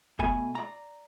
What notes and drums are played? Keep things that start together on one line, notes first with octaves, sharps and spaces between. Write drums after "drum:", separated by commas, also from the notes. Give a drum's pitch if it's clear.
B2 A3 G#5 B5, drum: kick F1
D5 A#5